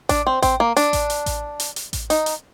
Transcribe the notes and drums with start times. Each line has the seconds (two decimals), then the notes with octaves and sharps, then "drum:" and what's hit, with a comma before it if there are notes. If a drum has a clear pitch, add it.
0.09 D4, drum: kick A1, hi-hat
0.27 C4
0.42 C4, drum: kick A1, hi-hat
0.60 A#3
0.77 D4, drum: hi-hat
0.93 drum: kick A1, hi-hat
1.10 drum: hi-hat
1.26 drum: kick A1, hi-hat
1.60 drum: hi-hat
1.76 drum: hi-hat
1.93 drum: kick A1, hi-hat
2.10 D#4, drum: hi-hat
2.26 drum: hi-hat